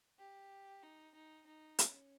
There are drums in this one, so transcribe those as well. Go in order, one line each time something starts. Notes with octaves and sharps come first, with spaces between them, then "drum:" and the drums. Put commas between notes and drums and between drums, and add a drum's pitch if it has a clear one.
G4
D#4
D#4
D#4
C#4, drum: hi-hat